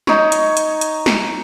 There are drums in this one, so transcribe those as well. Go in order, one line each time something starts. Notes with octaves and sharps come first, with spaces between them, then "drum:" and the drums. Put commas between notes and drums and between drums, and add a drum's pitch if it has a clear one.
D#4 C#5, drum: snare
drum: hi-hat
drum: hi-hat
drum: hi-hat
drum: snare